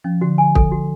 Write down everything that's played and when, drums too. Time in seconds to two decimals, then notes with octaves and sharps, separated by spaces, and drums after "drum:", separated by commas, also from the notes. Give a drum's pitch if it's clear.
0.04 F3 C#4
0.21 D3 F#4
0.38 G#5
0.55 A4, drum: kick
0.72 F#4